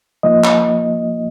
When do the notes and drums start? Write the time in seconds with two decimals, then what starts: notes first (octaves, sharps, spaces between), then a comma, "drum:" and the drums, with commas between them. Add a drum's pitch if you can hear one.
0.23 F3 A#3 D#4 D#5
0.44 drum: clap